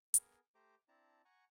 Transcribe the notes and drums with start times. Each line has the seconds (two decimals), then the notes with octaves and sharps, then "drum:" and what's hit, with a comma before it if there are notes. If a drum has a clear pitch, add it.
0.14 B3 G#4 A#4, drum: hi-hat
0.55 A3 G4 C5 A#5 D6
0.88 C4 D4 E4 A5 A#5
1.25 F#5 G#5 A#5 C#6